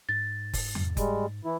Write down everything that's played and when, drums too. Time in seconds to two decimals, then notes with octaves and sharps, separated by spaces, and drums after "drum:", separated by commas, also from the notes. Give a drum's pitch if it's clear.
0.09 G#2 A6
0.53 drum: kick F#1, open hi-hat
0.75 drum: tom E2
0.97 G3 G#3, drum: kick F#1, hi-hat
1.45 E3 E4